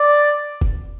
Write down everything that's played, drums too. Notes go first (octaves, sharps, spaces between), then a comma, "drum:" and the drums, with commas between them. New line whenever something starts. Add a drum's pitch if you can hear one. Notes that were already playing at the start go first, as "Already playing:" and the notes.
Already playing: D5
drum: kick F1